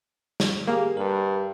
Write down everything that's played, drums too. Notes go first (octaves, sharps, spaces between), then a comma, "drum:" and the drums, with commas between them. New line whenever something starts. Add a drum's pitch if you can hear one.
drum: snare
A#3 G4 G#4 A#4
G2 A#4